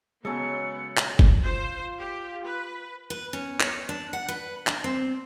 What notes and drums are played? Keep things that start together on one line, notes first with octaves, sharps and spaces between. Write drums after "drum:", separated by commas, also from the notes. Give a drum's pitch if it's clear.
C#3 F#3 G#3 B3 A4 C#7
drum: clap
drum: kick F#1
F4 C5
G4
B4
B4
C#4
C#5, drum: clap
D4
F#5
B4
D4, drum: clap
C4